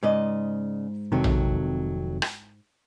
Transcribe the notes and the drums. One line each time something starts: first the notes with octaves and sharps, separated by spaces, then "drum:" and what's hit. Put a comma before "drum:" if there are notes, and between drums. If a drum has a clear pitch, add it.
G#2 C#3 D5 D#5
F1 F2 C3 D#3 F#3
drum: tom A#1
drum: rim click